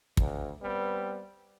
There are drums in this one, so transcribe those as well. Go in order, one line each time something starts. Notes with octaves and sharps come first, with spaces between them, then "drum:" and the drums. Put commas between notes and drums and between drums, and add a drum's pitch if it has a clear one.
D2, drum: kick
G3 B3 C4 B4